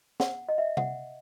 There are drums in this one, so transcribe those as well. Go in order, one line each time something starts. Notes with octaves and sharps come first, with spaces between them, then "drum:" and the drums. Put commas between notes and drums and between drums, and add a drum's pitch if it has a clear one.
F#5, drum: snare
D#5
E5
F#5, drum: tom C3